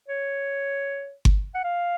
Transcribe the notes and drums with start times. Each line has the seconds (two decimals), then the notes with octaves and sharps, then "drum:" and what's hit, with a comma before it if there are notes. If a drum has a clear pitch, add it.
0.09 C#5
1.25 drum: kick G1
1.55 F#5
1.64 F5